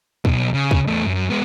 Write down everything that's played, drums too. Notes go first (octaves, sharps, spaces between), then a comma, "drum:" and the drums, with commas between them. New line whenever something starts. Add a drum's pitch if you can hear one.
B1 B2, drum: kick
C#3
drum: kick
E2 A3
F#2
G#3 B3